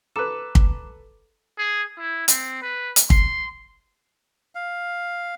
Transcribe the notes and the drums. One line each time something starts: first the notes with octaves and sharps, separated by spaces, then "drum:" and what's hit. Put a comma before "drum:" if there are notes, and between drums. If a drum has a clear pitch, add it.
A4 B4 A#5 D6 E7
drum: kick
G#4
E4
C4, drum: hi-hat
B4
drum: hi-hat
C6, drum: kick
F5